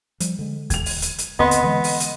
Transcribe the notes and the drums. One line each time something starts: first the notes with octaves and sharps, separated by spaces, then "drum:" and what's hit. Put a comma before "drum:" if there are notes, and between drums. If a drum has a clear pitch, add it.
F3 G3, drum: hi-hat
D3 G#3
G#6 F7, drum: kick D#2, hi-hat
drum: open hi-hat
drum: hi-hat
drum: hi-hat
D#2 D3 B3 C4 D#5 C6
drum: hi-hat
D3 E3 G#3
drum: open hi-hat
drum: hi-hat